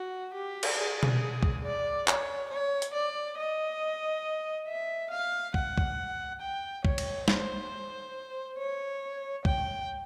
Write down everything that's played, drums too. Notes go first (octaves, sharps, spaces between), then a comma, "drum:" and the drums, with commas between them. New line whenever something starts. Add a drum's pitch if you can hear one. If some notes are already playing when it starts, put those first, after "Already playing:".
Already playing: F#4
G4
drum: cymbal
G#4
drum: tom B2
drum: kick
D5
C#5, drum: clap
C#5
drum: hi-hat
D5
D#5
E5
F5
F#5, drum: kick
drum: kick
G5
C#5, drum: kick
drum: cymbal
C5, drum: snare
C#5
G5, drum: kick